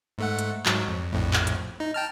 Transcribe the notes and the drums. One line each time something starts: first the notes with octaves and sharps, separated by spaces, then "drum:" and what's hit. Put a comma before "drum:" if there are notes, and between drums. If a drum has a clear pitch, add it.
G#2 A3 F#5
drum: hi-hat
G#2 F#3, drum: clap
F2
A#1 F2 A2
drum: clap
drum: hi-hat
D#4
G5 A5 F6